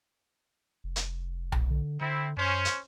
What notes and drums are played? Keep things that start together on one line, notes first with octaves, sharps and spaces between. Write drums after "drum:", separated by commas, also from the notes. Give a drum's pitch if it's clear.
F1
drum: hi-hat
drum: tom B1
D3
D3 C4 E4
F#2 C#4 C5
drum: hi-hat